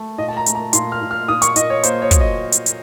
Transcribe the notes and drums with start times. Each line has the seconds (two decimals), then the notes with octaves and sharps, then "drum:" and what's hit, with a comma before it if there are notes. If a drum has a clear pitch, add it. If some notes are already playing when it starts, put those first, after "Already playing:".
Already playing: A3
0.18 A#2 D#5
0.28 A5
0.37 A#5
0.46 A3, drum: hi-hat
0.55 A#5
0.73 A#2 C6, drum: hi-hat
0.92 F6
1.01 A#2
1.11 F6
1.28 A#2 D#6
1.42 C#6, drum: hi-hat
1.56 A#2 D#5, drum: hi-hat
1.70 C#5
1.83 A#3 C5, drum: hi-hat
2.02 C#5
2.11 F#3, drum: kick, hi-hat
2.20 D#5
2.52 drum: hi-hat
2.66 drum: hi-hat